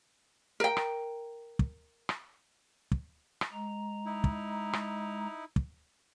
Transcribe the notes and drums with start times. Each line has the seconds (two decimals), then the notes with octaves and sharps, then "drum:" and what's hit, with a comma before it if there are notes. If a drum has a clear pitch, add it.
0.60 A#4 G5
0.77 drum: rim click
1.59 drum: kick
2.09 drum: rim click
2.92 drum: kick
3.41 drum: rim click
3.52 G#3 A#5
4.05 D#4 E4
4.24 drum: kick
4.73 drum: rim click
5.56 drum: kick